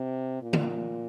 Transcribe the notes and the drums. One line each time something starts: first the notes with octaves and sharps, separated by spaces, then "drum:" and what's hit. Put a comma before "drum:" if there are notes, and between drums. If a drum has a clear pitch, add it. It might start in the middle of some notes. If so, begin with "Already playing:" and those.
Already playing: C3
A#2
drum: tom